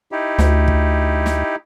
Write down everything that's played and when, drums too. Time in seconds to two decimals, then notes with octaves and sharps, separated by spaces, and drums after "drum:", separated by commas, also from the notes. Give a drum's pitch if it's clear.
0.12 D#4 E4 G4
0.39 D2, drum: snare
0.68 drum: kick
1.26 drum: snare